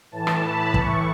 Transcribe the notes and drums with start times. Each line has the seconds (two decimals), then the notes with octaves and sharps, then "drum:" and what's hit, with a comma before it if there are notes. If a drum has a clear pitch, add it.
0.11 A2 E3 A5
0.27 drum: rim click
0.42 B5
0.74 A2 E3 C#6, drum: kick